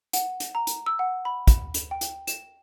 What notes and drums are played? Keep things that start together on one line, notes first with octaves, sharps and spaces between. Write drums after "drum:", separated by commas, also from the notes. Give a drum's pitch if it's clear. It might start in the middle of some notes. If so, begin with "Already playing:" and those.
F#5, drum: hi-hat
drum: hi-hat
A#5
drum: hi-hat
E6
F#5
B5
drum: kick, hi-hat
drum: hi-hat
G5
drum: hi-hat
E7, drum: hi-hat